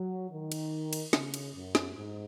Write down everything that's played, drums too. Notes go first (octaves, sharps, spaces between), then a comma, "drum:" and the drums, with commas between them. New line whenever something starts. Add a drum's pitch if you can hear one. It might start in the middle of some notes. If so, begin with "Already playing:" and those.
Already playing: F#3
D#3
drum: cymbal
drum: cymbal
C#3, drum: snare
drum: cymbal
F#2
drum: snare
G#2